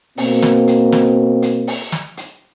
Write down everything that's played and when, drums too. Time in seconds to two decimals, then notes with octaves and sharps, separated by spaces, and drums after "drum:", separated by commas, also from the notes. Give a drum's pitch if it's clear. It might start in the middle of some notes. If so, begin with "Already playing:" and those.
0.17 B2 A#3 C4, drum: open hi-hat
0.42 drum: snare
0.67 drum: hi-hat
0.92 drum: snare
1.42 drum: hi-hat
1.67 drum: open hi-hat
1.92 drum: snare
2.17 drum: hi-hat